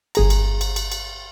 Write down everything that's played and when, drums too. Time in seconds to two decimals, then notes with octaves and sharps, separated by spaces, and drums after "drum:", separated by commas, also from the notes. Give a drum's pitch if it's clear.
0.15 G1 G#4 A#5, drum: cymbal
0.30 drum: cymbal
0.61 drum: cymbal
0.76 drum: cymbal
0.92 drum: cymbal